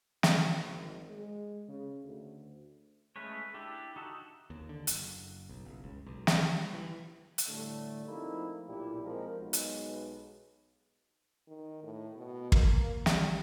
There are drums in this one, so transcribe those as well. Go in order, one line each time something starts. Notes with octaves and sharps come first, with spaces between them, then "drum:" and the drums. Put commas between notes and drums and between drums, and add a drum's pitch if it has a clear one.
E1, drum: snare
G#1
G#3
C#3
D2
G#3 A3 C#4 B4 C#5
D4 E4 G4 A4
D#4 F#4 A4
D#2
D3
F#1, drum: hi-hat
B1
F#1
C#2
B1
drum: snare
G3
G3
E3
drum: hi-hat
A2 D3 G3 A3
F3 A3 A#3 C4 D#4 E4
B1 A#2 D4 E4 G4
F3 G#3 C4 A#4
B1 G#3 B3
drum: hi-hat
D#3
A2
B2
A#3, drum: kick
G3, drum: snare